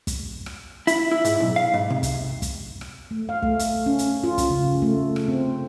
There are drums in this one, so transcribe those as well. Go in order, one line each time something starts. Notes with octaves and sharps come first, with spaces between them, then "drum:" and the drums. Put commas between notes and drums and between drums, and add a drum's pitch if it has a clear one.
drum: kick, hi-hat
drum: rim click
E4, drum: hi-hat
E4
G#2, drum: hi-hat
B1
F5
G#2
C3
drum: kick, hi-hat
drum: kick, hi-hat
drum: rim click
A3
F5
A3, drum: kick
drum: hi-hat
C#4
drum: hi-hat
F4
drum: kick, hi-hat
C#3
A3
drum: rim click
C4